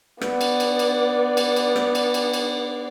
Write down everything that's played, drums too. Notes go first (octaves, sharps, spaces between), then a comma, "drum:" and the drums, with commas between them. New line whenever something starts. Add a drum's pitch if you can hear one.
B3 D5, drum: rim click
drum: cymbal
drum: cymbal
drum: cymbal
drum: cymbal
drum: cymbal
drum: rim click
drum: cymbal
drum: cymbal
drum: cymbal